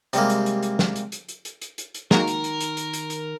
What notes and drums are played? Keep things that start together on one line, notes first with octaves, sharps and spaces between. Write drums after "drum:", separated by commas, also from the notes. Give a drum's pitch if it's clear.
C3 G3 G#3 A#3, drum: hi-hat
drum: hi-hat
drum: hi-hat
drum: hi-hat
drum: snare
drum: hi-hat
drum: hi-hat
drum: hi-hat
drum: hi-hat
drum: hi-hat
drum: hi-hat
drum: hi-hat
D#3 G#3 A#3 F#4 A#4, drum: snare
drum: hi-hat
drum: hi-hat
drum: hi-hat
drum: hi-hat
drum: hi-hat
drum: hi-hat